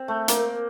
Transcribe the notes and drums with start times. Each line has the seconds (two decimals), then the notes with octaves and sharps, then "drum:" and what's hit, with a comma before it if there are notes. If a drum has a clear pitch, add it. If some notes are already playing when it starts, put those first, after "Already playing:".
Already playing: C4
0.08 A3
0.28 A#3, drum: hi-hat